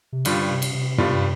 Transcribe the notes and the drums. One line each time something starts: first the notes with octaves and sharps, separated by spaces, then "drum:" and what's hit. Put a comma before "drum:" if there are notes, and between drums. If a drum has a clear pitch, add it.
C3
G2 D3 G3 F4, drum: cymbal
C3
drum: cymbal
C3
G2 G3 F4, drum: tom